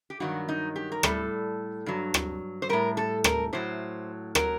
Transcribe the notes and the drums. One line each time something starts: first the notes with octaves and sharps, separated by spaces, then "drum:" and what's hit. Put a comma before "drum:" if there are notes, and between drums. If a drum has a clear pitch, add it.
G4
G2 D#3 F#3 F#4
D#4
G4
A#4
A2 G3 A4, drum: rim click
G2 F#3
drum: rim click
C5
A2 G3 A#4
A4
A#4, drum: rim click
A2 F#3 C5
F#3 A#4, drum: rim click